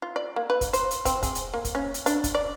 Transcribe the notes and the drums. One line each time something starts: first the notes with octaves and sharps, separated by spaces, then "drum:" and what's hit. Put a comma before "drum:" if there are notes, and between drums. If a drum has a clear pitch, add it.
F4
D5
A#3
B4
drum: kick, hi-hat
C5, drum: hi-hat
drum: hi-hat
C4, drum: kick, hi-hat
G#4, drum: kick, hi-hat
drum: hi-hat
A#3
drum: kick, hi-hat
C#4
drum: hi-hat
D4, drum: hi-hat
drum: kick, hi-hat
D5